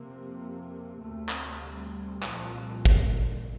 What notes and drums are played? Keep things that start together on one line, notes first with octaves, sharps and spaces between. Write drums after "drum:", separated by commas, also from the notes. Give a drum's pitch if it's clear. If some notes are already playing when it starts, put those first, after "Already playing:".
Already playing: F2 C3 A#3
A#3
D2 C3 A3
drum: clap
G3
C2 A#2 F3, drum: clap
F3
drum: kick